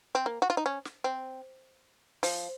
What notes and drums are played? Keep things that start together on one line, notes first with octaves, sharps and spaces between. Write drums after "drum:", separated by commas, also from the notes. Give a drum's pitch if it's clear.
C4
A#3
F#4
F4
D#4
C#4
drum: snare
C4
F3, drum: open hi-hat